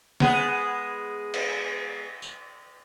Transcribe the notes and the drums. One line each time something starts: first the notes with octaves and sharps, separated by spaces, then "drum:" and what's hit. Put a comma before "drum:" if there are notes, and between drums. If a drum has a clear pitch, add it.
G#3 B3 G#4, drum: snare
drum: cymbal
drum: tambourine